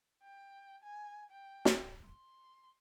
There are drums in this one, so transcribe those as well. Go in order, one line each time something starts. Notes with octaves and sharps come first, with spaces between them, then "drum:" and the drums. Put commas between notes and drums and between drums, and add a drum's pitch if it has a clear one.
G5
G#5
G5
drum: snare
C6